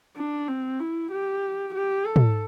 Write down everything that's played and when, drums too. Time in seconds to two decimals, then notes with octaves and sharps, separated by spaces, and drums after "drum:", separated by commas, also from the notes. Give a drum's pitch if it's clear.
0.16 D4
0.48 C4
0.80 E4
1.12 G4
1.75 G4
2.06 A4
2.16 drum: tom